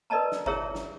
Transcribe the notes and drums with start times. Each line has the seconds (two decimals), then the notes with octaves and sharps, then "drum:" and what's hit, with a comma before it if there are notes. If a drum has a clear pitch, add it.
0.10 A#4 B4 D5 D#5 A5 A#5
0.32 drum: snare
0.46 E4 G#4 A#4 C#5 E5 A#5, drum: kick G1
0.75 drum: snare